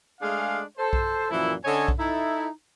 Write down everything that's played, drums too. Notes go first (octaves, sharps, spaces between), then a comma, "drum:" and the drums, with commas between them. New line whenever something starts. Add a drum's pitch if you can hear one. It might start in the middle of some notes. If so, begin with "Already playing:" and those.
G#3 A3 D4 G#4 F5
A4 C5
drum: kick B1
F#2 A#2 E3 F3 E4
D3 C#4 A4 C#5 D#5 G#5
drum: kick B1
D#4 E4 A4